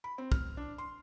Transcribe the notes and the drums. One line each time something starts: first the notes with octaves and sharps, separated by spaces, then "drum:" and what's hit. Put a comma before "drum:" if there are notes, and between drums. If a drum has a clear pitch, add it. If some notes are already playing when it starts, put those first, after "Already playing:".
B5
C4
F6, drum: kick
D4
C6